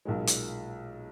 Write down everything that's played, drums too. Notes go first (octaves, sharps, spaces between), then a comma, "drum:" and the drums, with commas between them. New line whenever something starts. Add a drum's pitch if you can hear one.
B1 A#2 G#3
drum: hi-hat